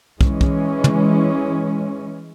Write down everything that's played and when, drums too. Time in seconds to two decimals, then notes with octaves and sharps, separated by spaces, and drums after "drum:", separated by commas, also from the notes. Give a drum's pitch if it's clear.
0.21 E3 G#3 C#4, drum: kick
0.41 drum: kick
0.84 drum: tom